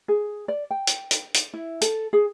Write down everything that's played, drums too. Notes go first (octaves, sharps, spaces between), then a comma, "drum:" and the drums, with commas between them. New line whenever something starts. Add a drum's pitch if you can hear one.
G#4
D5
G5
drum: hi-hat
drum: hi-hat
drum: hi-hat
E4
A4, drum: hi-hat
G#4